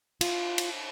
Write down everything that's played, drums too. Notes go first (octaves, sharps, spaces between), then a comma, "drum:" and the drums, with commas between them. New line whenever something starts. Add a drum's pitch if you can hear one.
F4, drum: cymbal
drum: cymbal